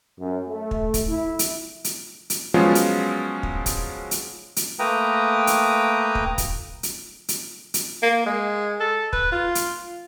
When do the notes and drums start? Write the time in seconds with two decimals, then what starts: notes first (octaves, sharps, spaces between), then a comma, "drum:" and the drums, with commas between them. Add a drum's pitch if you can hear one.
0.20 F#2
0.49 A3
0.71 drum: kick
0.94 drum: kick, hi-hat
1.08 E4
1.39 drum: hi-hat
1.84 drum: hi-hat
2.30 drum: hi-hat
2.54 F3 F#3 G#3 B3 C#4 F4
2.75 drum: hi-hat
3.43 drum: kick
3.66 drum: kick, hi-hat
4.11 drum: hi-hat
4.56 drum: hi-hat
4.79 A3 A#3 B4 G5 A#5 D#6
5.47 drum: hi-hat
6.15 drum: kick
6.38 drum: kick, hi-hat
6.83 drum: hi-hat
7.28 drum: hi-hat
7.74 drum: hi-hat
8.03 A#3
8.26 G#3
8.80 A4
9.13 B4, drum: kick
9.32 F4
9.55 drum: hi-hat